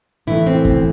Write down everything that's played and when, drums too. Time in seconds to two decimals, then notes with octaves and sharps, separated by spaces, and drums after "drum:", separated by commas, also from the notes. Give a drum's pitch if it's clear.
0.27 A2 E3 A3 E4
0.47 C4
0.65 C4, drum: kick D#2